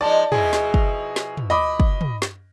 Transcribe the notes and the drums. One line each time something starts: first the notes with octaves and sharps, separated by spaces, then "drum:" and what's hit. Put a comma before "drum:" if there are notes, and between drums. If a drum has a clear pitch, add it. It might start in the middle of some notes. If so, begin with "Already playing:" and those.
F3 G#3 D#4 D5 A5
B2 F3 E4 G#4, drum: tom
drum: snare
drum: kick
drum: snare
drum: tom
D#5 B5 D6
drum: kick
drum: tom
drum: snare